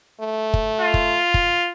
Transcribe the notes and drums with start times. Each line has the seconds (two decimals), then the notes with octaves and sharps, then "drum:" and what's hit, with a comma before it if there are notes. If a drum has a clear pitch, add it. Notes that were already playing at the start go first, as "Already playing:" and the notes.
0.20 A3
0.54 drum: kick
0.80 F4
0.94 drum: kick
1.34 drum: kick